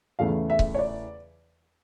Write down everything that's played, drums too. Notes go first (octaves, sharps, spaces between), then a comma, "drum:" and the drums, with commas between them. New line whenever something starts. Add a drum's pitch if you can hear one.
E2 C#3 E3 A3 F5
E5
drum: kick C#1
C#5
D5